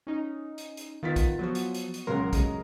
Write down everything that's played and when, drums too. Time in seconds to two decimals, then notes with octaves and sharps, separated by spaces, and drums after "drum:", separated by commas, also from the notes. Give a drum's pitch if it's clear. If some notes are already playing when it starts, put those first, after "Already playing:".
0.07 C#4 D#4
0.58 drum: hi-hat
0.77 drum: hi-hat
1.03 D#3 B3 F4 A6 B6
1.16 drum: kick, hi-hat
1.39 F3 F#3 B3 F#4
1.55 drum: hi-hat
1.74 drum: hi-hat
1.94 drum: hi-hat
2.07 C#2 C#3 F#3 A#4 C6
2.33 C#3 G#3, drum: kick, hi-hat